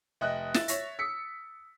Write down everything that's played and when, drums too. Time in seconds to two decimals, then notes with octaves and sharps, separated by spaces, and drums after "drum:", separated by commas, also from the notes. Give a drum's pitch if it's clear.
0.21 F1 D#5 E5 G5 F#6
0.54 E4 A6 E7, drum: snare
0.68 C#5 E5 A#6, drum: hi-hat
0.99 D#6 E6 B6 C#7